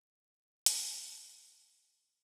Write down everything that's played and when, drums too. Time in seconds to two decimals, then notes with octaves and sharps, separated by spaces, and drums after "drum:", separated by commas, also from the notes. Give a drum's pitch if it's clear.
0.66 drum: hi-hat
0.80 C#4
1.14 C2 A#2 C#5
1.39 G4 G#4 G#5 C6
1.63 A2 F#3
2.04 G#2 B2 A#4